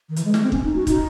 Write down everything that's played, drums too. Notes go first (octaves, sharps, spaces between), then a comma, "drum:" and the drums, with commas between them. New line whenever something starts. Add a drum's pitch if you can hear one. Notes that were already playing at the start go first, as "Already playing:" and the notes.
D#3
E3, drum: hi-hat
G#3
A3, drum: snare
C4
C#4, drum: kick
D#4
F#4
D#4, drum: kick, hi-hat